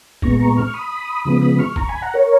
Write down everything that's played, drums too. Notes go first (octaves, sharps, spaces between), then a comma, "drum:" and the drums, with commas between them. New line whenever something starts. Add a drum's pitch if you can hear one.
A#2 G#3 B3 A#5 C#6, drum: kick
A#5 C#6
C#6 F6
B5 D#6
C#3 F3 G#3 B3 B5 D#6
B5 D#6
C#6 F6
A#5 C#6, drum: kick
G#5 B5
F#5 A#5
A#4 C#5